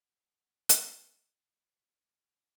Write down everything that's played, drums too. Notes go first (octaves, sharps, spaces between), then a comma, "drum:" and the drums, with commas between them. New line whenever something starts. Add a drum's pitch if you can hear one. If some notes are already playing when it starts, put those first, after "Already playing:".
Already playing: F#5
drum: hi-hat
D#5
D#5
F#5